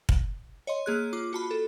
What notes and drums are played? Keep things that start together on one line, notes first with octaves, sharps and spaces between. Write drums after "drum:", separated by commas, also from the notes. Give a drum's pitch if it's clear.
drum: kick
C#5 D#5 C6
A#3 G#4 F#6
F4 D6
F#4 A5 B5
A4